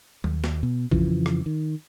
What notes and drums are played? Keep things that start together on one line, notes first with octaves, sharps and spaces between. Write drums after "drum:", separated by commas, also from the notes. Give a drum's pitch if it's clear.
D#2, drum: tom F#3
drum: snare
B2
F2 C#3 E3 F3, drum: kick A1
drum: rim click
D#3